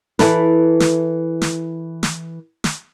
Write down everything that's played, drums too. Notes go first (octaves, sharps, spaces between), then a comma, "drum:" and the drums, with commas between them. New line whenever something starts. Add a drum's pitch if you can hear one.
E3 E4 A4 B4, drum: snare
drum: snare
drum: snare
drum: snare
drum: snare